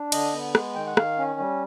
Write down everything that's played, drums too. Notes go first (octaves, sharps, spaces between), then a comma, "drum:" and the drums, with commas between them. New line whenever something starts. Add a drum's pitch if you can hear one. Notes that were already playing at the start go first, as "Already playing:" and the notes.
Already playing: D4
D3 D#5, drum: cymbal
B3
G#3, drum: rim click
D#3 G5
F#5
D#3 F5, drum: rim click
C#4
G3